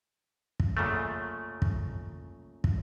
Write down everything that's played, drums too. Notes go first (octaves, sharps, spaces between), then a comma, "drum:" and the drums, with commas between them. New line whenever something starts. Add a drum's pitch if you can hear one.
drum: kick
F#2 A#2 C#3 A3
drum: kick
drum: kick